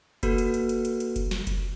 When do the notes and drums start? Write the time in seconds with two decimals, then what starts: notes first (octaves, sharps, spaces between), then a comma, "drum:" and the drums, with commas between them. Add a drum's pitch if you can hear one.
0.23 A#3 F#4 A4 B4, drum: kick F1, hi-hat
0.38 drum: hi-hat
0.54 drum: hi-hat
0.69 drum: hi-hat
0.85 drum: hi-hat
1.00 drum: hi-hat
1.16 drum: kick F1, hi-hat
1.31 drum: snare
1.47 drum: kick F1, hi-hat